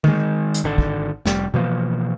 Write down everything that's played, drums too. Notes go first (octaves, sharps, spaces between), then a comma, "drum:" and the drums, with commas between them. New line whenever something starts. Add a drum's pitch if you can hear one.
D#3 G#3, drum: tom D3
drum: hi-hat
G#1 D3
drum: kick
F1 G3, drum: snare
B2 E3 F3 A#3